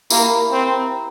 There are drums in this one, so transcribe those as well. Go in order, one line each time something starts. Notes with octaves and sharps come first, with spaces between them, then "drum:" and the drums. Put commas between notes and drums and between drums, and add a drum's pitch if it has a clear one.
A#3 E4 G4 A#4 F5, drum: tambourine
C4